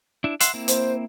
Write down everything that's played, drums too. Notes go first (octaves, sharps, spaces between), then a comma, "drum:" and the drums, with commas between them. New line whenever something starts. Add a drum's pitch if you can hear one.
D4 E4
E5 F#5 C6, drum: hi-hat
A#3 C4 E4
C5, drum: hi-hat